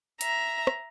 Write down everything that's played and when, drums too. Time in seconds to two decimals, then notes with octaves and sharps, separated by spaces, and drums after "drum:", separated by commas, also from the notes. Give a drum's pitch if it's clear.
0.21 E5 A#5, drum: hi-hat
0.67 drum: rim click